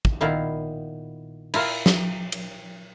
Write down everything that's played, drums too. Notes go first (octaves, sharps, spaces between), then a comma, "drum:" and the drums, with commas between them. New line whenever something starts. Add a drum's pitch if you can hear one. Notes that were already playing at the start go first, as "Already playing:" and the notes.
drum: kick
A#2 D#3 B3 E4 F5
E4 F4 A#4 F5, drum: cymbal
drum: snare
drum: cymbal